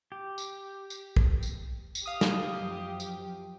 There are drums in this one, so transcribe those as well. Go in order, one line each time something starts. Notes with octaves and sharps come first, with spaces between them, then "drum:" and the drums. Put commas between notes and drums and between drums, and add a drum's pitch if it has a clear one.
G4
drum: tambourine
drum: tambourine
drum: kick
drum: tambourine
drum: tambourine
G4 F5 D#6
drum: snare
F#2 F3
drum: tambourine